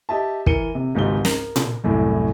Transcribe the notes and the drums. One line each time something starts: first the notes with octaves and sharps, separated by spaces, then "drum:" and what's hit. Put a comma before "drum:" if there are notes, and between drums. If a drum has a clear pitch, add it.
G4 D#5 E5 A5
E3 A#4 C#7 D#7 G7, drum: kick
C3
G#1 C#2 G#2 G4 D#5 G7
A#4, drum: snare
drum: tom A#2
C2 F#2 A2